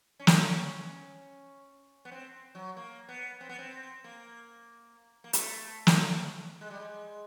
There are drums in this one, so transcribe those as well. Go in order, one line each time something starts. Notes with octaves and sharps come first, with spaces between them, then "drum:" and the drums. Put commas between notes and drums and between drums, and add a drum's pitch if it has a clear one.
C#4
C4, drum: snare
C#4
B3
C4
F#3
A#3
B3
C4
B3
C4
A#3
A#3
A3, drum: hi-hat
drum: snare
G#3
G3
G#3